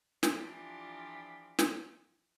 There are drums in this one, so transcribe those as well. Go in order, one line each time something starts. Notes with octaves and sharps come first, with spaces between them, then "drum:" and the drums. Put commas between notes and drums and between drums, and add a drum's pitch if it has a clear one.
E3 F3 D4 F4 G4 D5, drum: snare
drum: snare